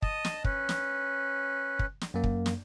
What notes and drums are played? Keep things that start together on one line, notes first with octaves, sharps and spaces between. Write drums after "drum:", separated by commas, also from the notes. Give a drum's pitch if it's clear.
D#5 A5 D#6, drum: kick
drum: snare
C#4 B4, drum: kick
drum: snare
drum: kick
drum: snare
F#2 A#3
drum: kick
drum: snare